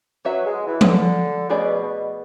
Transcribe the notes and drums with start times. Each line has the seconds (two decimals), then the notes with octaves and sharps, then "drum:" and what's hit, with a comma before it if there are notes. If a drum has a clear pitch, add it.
0.25 F#3 C#4 F#4 B4 E5
0.45 G#3
0.67 E3
0.81 C#3, drum: tom F3
0.87 D3
1.49 B2 A3 C#4 G#4 D5
1.81 B2